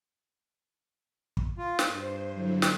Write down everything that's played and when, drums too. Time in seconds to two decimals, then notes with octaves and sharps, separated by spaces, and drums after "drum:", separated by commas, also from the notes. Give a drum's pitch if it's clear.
1.37 drum: kick
1.58 F4
1.79 drum: snare
1.88 G2 C5
2.31 D3 F#3 E4
2.62 drum: snare